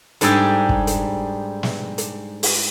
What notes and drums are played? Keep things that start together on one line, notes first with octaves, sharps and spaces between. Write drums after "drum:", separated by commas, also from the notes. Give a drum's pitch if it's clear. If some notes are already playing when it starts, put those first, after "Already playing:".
G#2 G3 D4 G#4 A4 G5, drum: hi-hat
drum: kick
drum: hi-hat
drum: snare
drum: hi-hat
drum: open hi-hat